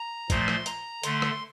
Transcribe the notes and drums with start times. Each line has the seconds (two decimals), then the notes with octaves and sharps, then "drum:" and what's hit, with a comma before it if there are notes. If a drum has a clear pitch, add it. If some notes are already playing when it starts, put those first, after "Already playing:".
Already playing: A#5
0.30 A#2 F3 A3 C6, drum: kick G#1, hi-hat
0.48 drum: rim click
0.66 A#5, drum: hi-hat
1.03 D3 A3 C6, drum: hi-hat
1.22 drum: rim click